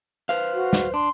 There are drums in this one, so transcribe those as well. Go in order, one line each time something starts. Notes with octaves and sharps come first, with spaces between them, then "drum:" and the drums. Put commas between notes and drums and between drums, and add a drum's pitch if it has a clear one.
B4 C5 F5
F#4
drum: snare
D4 C6